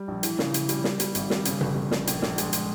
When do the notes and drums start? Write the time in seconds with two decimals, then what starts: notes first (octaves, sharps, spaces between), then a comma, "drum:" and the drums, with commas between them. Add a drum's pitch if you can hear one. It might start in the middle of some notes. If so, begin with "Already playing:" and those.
Already playing: G3
0.08 A#1
0.23 E3, drum: hi-hat
0.39 C#3, drum: snare
0.54 E3, drum: hi-hat
0.69 G3, drum: hi-hat
0.84 G3, drum: snare
1.00 G3, drum: hi-hat
1.15 G#1, drum: hi-hat
1.30 G3, drum: snare
1.45 C#3, drum: hi-hat
1.61 G1, drum: tom B2
1.77 G1
1.91 G1, drum: snare
2.07 A#1, drum: hi-hat
2.22 A#1, drum: snare
2.38 G#3, drum: hi-hat
2.53 drum: hi-hat